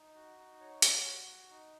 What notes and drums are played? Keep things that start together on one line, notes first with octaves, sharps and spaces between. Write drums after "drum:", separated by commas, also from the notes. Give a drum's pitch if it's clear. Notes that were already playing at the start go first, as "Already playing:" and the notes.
Already playing: D#4
F#4
D#4
C#5
F#4, drum: hi-hat
F#4
F#4
D#4